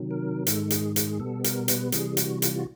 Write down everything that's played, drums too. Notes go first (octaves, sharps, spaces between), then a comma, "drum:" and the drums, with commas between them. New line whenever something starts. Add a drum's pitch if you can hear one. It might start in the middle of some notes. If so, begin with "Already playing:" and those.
Already playing: C3 D#3 F#3
A#4
G#2 D#3 G#3 A4, drum: hi-hat
G#4, drum: hi-hat
G#4, drum: hi-hat
B2 G3 B3 A4
A#4, drum: hi-hat
B4, drum: hi-hat
C3 E3 G3 G#4, drum: hi-hat
F#4, drum: hi-hat
F4, drum: hi-hat
F#4